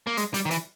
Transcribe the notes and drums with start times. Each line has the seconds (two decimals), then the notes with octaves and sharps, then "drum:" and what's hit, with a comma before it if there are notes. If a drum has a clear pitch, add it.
0.07 A#3
0.17 G#3, drum: hi-hat
0.34 G3, drum: hi-hat
0.46 D#3
0.51 E3, drum: hi-hat